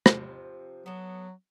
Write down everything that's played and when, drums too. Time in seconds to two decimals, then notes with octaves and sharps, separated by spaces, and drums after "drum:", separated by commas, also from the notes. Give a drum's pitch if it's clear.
0.06 C3 F3, drum: rim click
0.86 F#3 B3 A4